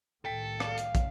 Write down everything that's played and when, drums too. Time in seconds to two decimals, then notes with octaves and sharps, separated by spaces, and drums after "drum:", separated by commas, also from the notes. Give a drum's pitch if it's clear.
0.25 C2 A2 D#3 A4 G5 B6
0.60 F5, drum: rim click
0.78 drum: hi-hat
0.95 drum: kick, hi-hat